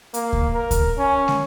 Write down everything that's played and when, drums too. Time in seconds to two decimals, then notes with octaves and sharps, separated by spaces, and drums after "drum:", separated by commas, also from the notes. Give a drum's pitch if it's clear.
0.14 A#3, drum: hi-hat
0.33 drum: kick C#2
0.54 A#4
0.71 drum: kick C#2, hi-hat
0.98 C#4
1.28 drum: snare